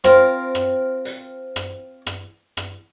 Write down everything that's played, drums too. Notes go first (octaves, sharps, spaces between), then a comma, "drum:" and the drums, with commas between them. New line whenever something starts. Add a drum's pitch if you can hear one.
C4 F4 A#4, drum: rim click
drum: rim click
drum: hi-hat
drum: rim click
drum: rim click
drum: rim click